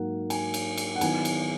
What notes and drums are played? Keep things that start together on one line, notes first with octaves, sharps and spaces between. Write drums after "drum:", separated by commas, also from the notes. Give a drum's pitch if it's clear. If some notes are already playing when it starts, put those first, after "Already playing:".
Already playing: G#2 F#3 A#3 F#5
G#5, drum: cymbal
drum: cymbal
drum: cymbal
F#5
D#3 F#3 B3 E4 G#5, drum: cymbal
drum: cymbal